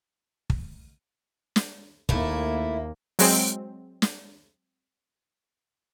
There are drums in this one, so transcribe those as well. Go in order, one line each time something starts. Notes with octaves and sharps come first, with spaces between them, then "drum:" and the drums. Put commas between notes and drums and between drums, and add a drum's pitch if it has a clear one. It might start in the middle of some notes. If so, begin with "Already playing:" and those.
drum: kick
drum: snare
D#2 A3 A#3 E4, drum: kick
F#3 G#3 C4, drum: open hi-hat
drum: snare